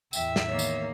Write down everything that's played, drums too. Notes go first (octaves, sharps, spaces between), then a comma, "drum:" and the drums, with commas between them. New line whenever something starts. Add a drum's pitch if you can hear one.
E2 A2 E3 E5 G5, drum: tambourine
drum: snare
D#3 A#3 C#5
drum: tambourine